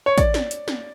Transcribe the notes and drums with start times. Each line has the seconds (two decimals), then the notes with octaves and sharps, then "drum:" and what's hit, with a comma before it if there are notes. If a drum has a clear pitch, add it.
0.06 C#5
0.18 D5, drum: kick, hi-hat
0.34 drum: snare
0.51 drum: hi-hat
0.68 drum: snare